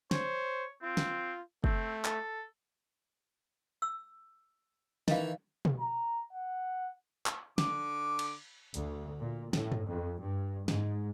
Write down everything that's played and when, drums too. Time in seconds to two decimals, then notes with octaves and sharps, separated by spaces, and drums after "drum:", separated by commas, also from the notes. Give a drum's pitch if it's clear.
0.11 C5 C#5, drum: snare
0.82 C4 F4
0.97 drum: snare
1.64 A3 C4, drum: kick
2.05 A4, drum: clap
3.82 E6
5.08 D#3 E3 D#5 F5, drum: snare
5.65 drum: tom B2
5.80 A#5
6.33 F#5
7.26 drum: clap
7.58 D3 D6, drum: snare
8.19 drum: cymbal
8.74 D2, drum: hi-hat
9.20 A#2
9.53 A2, drum: snare
9.72 drum: tom G2
9.87 F2
10.21 G2
10.68 G#2, drum: snare